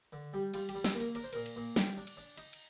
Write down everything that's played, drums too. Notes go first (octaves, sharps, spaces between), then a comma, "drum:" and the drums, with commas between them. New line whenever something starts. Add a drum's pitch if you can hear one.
D3
G3 G4
G3 F4, drum: cymbal
G4, drum: cymbal
G3
A4, drum: snare
A#3
A#4, drum: cymbal
D4 A#4, drum: cymbal
C5
A#2 A#4, drum: cymbal
drum: cymbal
A#2
G3, drum: snare
D4
drum: cymbal
D4
D#4, drum: cymbal
drum: cymbal